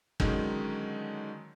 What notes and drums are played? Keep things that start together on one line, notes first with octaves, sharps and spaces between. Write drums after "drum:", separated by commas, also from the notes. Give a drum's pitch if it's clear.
D3 D#3 F#3 G#3 C#4 D#4, drum: kick